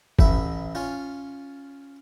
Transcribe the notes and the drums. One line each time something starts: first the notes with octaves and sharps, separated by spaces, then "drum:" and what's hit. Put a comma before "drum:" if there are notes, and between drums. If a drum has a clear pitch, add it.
A1 B4 E5, drum: kick F#1
C#4 F4